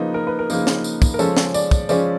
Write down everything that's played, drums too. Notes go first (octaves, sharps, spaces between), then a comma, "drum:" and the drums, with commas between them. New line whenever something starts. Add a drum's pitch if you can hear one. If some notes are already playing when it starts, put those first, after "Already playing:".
Already playing: C#3 F3 A#3 D#4 B4
A#4
B4
A#4
C#3 F3 A#3 D#4, drum: tambourine
drum: snare
drum: tambourine
drum: kick, tambourine
A#4
C#3 F3 G#3 C#4 A4, drum: tambourine
drum: snare
D5, drum: tambourine
drum: kick, tambourine
C#3 F3 G#3 C#4 D5, drum: tambourine